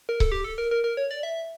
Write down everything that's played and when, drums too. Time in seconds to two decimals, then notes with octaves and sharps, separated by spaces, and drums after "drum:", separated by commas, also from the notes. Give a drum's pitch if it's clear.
0.09 A#4
0.20 A4, drum: kick C#1
0.32 G4
0.44 A4
0.58 A#4
0.71 A#4
0.84 A#4
0.97 C#5
1.11 D5
1.23 E5